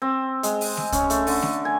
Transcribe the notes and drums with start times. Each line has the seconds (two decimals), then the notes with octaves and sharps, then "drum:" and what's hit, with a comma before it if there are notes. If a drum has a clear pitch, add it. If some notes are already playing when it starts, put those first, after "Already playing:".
0.02 C4
0.43 G#3, drum: hi-hat
0.61 drum: open hi-hat
0.77 drum: snare A3
0.92 C#4, drum: kick C2, hi-hat
1.10 A3, drum: hi-hat
1.27 D3, drum: open hi-hat
1.42 drum: snare A3
1.65 G#5